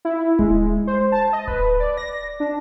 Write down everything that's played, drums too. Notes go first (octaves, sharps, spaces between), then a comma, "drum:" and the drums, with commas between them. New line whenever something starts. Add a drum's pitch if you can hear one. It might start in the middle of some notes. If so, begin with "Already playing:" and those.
E4
G#3, drum: kick D1
C5
A5
D#5
B4, drum: kick D1
D5
A#6
D4